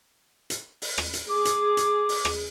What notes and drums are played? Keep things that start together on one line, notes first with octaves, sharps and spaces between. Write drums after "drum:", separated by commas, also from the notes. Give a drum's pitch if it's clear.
drum: hi-hat
drum: open hi-hat
drum: rim click
drum: hi-hat
G#4 D6
drum: hi-hat
drum: hi-hat
drum: open hi-hat
drum: rim click